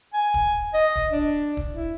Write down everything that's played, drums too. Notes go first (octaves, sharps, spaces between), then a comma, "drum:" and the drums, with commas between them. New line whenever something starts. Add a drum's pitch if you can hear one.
G#5
drum: kick
D#5
drum: kick
D4
drum: kick
E4